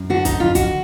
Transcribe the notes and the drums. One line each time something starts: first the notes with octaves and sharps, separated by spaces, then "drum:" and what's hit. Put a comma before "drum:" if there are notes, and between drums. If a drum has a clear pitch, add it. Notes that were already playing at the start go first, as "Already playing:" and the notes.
Already playing: F#2
D3 F#4
D#4, drum: kick, hi-hat
F2 F4
F#4, drum: kick, hi-hat